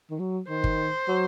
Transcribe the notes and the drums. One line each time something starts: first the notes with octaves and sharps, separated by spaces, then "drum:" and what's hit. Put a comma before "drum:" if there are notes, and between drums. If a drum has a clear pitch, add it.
D#3
F#3
D#3 C5
drum: kick G1
F#3